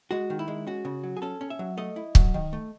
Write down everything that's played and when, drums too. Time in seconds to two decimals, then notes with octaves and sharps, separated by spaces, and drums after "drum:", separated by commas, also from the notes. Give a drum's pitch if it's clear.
0.11 G#3 F#4
0.30 D#3
0.39 E4
0.48 G#3
0.67 C#4 F#4
0.85 C#3
1.03 F#3
1.17 G#4
1.22 C#4 A4
1.41 C#4
1.50 E5
1.59 F#3
1.77 A3 D#5
1.96 E4
2.15 F#3, drum: kick
2.34 D#3
2.53 A3